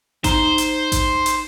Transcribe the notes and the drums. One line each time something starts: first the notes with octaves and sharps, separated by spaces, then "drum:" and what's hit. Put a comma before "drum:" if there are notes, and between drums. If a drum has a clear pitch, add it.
D#4 C5, drum: kick A1, hi-hat
drum: hi-hat
drum: kick A1, hi-hat
drum: hi-hat